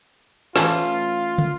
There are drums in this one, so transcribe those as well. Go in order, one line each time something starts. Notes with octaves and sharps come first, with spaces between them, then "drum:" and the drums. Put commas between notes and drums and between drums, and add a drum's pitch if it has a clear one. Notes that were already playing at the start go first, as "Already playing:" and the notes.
E3 A3 C#4 F4, drum: snare
drum: tom